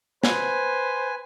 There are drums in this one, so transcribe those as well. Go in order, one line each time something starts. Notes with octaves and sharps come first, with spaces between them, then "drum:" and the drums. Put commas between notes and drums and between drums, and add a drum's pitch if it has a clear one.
B4 C5 G#5, drum: snare